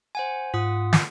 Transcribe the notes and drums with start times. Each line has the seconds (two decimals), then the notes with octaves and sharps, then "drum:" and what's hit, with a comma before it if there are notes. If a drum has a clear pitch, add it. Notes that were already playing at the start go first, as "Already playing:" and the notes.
0.15 C5 F#5 G#5
0.54 G#2 F4 F#5 D#6
0.93 drum: snare